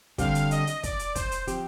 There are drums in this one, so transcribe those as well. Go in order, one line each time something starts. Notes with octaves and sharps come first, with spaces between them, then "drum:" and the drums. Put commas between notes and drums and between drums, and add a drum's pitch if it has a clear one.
D3 G3 C4 G4 F5, drum: kick, hi-hat
drum: hi-hat
D#5, drum: hi-hat
drum: hi-hat
D5, drum: kick, hi-hat
drum: hi-hat
C5, drum: kick, hi-hat
drum: hi-hat
F3 C4 G4, drum: hi-hat